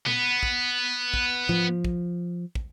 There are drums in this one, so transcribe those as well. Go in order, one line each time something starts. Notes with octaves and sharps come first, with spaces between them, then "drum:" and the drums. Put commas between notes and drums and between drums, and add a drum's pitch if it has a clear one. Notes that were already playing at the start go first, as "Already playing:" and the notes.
B3, drum: tom A#2
drum: kick
drum: kick
F3, drum: tom G#2
drum: kick
drum: kick